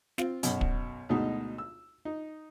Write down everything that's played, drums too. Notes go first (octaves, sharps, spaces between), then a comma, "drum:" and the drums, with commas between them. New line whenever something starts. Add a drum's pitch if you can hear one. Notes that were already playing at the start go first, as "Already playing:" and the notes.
C4 F4, drum: snare
B1 F#2 B2, drum: hi-hat
drum: kick
D2 B2 G#3 D#4
E6
D#4